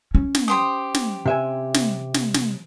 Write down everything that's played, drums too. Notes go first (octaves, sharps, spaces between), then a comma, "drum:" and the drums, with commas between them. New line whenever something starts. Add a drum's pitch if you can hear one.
C#4
drum: snare
G4 C5 D#6
drum: snare
C3 E5 G#5
drum: snare
drum: snare
drum: snare